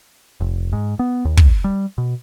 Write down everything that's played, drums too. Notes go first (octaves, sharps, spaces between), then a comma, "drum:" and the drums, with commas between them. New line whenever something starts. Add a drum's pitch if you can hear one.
F1
G#2
B3
D#2
drum: kick
G3
B2